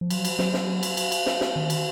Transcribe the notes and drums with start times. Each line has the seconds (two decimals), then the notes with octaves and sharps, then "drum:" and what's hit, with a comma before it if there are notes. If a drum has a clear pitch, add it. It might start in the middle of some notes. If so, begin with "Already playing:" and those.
0.01 F3
0.10 F#3, drum: cymbal
0.25 drum: cymbal
0.39 F#3, drum: snare
0.54 drum: snare
0.83 drum: cymbal
0.97 drum: cymbal
1.12 drum: cymbal
1.26 drum: snare
1.41 drum: snare
1.56 D#3
1.70 drum: cymbal